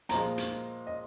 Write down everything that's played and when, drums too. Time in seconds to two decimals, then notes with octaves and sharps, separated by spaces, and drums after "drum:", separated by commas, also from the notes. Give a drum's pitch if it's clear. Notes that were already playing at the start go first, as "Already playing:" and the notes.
0.09 A#2 F3 G#3 A#5, drum: hi-hat
0.38 drum: hi-hat
0.87 D#5